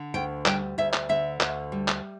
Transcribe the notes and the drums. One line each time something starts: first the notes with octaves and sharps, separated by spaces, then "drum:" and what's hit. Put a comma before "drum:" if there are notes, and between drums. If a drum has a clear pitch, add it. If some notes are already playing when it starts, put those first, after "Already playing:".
Already playing: D3
D2 G5
G3 G5, drum: clap
D2 E5
drum: clap
D3 E5
D2, drum: clap
G3
drum: clap